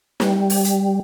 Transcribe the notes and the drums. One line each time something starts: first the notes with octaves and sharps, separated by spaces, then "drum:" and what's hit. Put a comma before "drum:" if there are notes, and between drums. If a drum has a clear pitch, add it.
G3, drum: snare
drum: open hi-hat
drum: hi-hat